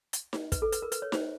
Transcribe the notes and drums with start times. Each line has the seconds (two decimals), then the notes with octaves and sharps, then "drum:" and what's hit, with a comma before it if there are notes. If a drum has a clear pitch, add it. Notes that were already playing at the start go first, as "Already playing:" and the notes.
0.13 drum: hi-hat
0.33 drum: snare D#4
0.52 B4, drum: kick, hi-hat
0.62 A4
0.72 B4, drum: hi-hat
0.82 A#4
0.92 B4, drum: hi-hat
1.02 C#5
1.12 C5, drum: snare D#4